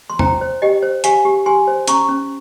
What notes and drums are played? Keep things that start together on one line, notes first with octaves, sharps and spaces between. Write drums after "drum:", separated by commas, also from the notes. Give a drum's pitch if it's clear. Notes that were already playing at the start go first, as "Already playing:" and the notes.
C6
C5 G5 A#5, drum: tom E2
C5
G4 D#5 G5
C5
G4 F5 G#5, drum: hi-hat
G4
G4 G#5 C6
C5
C#4 A#5 C#6, drum: hi-hat
C#4